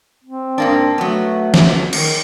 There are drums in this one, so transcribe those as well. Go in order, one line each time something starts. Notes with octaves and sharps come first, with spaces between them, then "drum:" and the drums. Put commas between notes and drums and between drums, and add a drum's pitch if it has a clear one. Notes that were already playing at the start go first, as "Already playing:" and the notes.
C4
G#2 A#3 D4
F#3 A3 B3
drum: snare
D#3, drum: cymbal